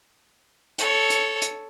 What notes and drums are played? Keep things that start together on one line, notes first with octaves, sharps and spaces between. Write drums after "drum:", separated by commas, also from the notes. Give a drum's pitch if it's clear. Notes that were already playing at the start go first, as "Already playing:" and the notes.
A4 C#5, drum: hi-hat
drum: hi-hat
drum: hi-hat